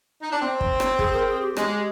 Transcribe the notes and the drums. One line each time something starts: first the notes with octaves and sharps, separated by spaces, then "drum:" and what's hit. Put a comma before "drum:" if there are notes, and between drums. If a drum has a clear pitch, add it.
D#4
D4
C4
drum: kick
drum: rim click
G#4, drum: kick
A#4
G#4
G4
G#3 G4, drum: rim click